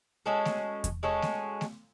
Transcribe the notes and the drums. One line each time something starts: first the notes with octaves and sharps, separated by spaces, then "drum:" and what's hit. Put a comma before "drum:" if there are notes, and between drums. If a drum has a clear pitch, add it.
G#3 C#4 F#4 A4
drum: snare A3
drum: kick E2, hi-hat
G#3 C#4 F#4 A4
drum: snare A3
drum: snare A3